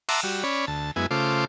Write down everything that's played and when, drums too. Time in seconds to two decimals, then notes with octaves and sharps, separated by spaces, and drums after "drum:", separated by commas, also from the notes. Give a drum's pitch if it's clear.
0.09 E5 F#5 A5 A#5 C6 D6, drum: cymbal
0.23 G3 F#4
0.43 C#4 C#5 D5 B5
0.67 D2 A5
0.96 F#2 G#3 B3 E4 G#5
1.11 C#3 A3 F4 C5 D6